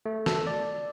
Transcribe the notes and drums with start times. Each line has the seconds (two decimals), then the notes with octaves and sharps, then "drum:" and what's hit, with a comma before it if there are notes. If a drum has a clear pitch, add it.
0.06 A3
0.26 A4, drum: snare
0.47 D5